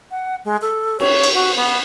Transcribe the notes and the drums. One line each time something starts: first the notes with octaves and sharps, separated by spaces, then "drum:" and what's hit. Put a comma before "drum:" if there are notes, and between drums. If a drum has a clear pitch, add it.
F#5
G#3
A4
C#5, drum: cymbal
drum: cymbal
F#4
B3